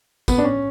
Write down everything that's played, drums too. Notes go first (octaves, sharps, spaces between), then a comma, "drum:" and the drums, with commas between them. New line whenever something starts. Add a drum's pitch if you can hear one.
B3, drum: kick, tambourine
D4
C#4